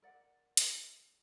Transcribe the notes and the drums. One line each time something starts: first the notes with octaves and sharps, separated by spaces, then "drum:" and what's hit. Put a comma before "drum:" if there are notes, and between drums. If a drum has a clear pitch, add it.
A#4 D5 F#5
drum: hi-hat